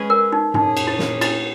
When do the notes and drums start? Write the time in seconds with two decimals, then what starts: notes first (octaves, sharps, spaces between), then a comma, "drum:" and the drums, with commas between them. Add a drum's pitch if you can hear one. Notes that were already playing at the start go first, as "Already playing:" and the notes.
Already playing: G#3 C#4 G#4 B4
0.10 A#4
0.32 D#4
0.54 A#2 A#3 C#4 D#4 G#4, drum: tom F#2
0.77 drum: cymbal
0.87 E4
0.99 drum: snare
1.21 E4, drum: cymbal